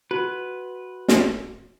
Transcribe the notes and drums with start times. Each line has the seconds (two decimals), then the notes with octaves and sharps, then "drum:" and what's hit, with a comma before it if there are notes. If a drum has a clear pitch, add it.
0.11 F#4 B4
1.08 drum: snare